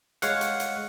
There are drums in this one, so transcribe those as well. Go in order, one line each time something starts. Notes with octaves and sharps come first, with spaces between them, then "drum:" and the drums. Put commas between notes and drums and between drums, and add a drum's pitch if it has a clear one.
G#3 C#5 F5 F#5, drum: hi-hat
drum: hi-hat
drum: hi-hat